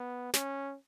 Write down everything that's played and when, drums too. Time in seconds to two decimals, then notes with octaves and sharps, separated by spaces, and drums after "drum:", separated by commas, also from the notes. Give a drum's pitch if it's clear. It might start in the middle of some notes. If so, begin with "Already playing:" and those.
Already playing: B3
0.34 C#4, drum: snare